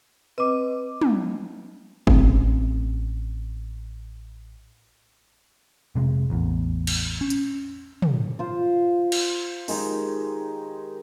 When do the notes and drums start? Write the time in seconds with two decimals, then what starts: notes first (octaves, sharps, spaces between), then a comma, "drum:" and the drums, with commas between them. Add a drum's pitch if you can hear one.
0.38 C4 B4 D#5 D6
1.01 drum: tom
2.07 A1 C4, drum: kick
5.95 F1 C3 G#3
6.30 A1 E2
6.87 drum: cymbal
7.21 C#4
7.30 drum: hi-hat
8.02 drum: tom
8.39 F4 C5
9.12 drum: cymbal
9.68 D#3 G#3 D#4 G4, drum: open hi-hat